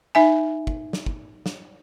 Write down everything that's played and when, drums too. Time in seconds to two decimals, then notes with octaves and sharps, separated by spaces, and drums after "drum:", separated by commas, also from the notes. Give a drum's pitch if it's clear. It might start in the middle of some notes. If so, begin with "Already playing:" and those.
0.15 D#4 E5 G#5
0.67 drum: kick
0.93 drum: snare
1.06 drum: kick
1.46 drum: snare